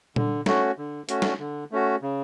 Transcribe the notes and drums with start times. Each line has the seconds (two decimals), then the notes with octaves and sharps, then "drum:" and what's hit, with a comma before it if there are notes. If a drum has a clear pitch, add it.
0.16 D3, drum: tom A#2
0.46 A3 C#4 F#4, drum: snare
0.78 D3
1.09 A3 C#4 F#4, drum: hi-hat
1.22 drum: snare
1.39 D3
1.71 A3 C#4 F#4
2.02 C#3